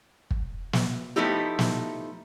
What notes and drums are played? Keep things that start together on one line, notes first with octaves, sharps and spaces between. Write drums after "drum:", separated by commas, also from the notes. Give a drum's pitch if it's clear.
drum: kick
drum: snare
F3 A3 B3 D#4 E4 G4
drum: snare